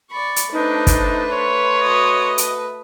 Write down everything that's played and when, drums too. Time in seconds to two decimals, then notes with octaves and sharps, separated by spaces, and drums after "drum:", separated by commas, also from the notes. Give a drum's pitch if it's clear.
0.11 D5 B5 C#6
0.36 drum: hi-hat
0.52 A3 D4 D#4 B4 C5
0.87 drum: kick, hi-hat
1.32 C#5 C6
1.82 F#4 D#5
2.38 drum: hi-hat